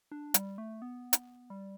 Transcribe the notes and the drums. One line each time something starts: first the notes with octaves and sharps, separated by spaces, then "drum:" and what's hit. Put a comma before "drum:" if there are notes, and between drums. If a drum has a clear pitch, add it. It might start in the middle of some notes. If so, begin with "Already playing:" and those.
D4
G3, drum: hi-hat
A3
B3
drum: hi-hat
G3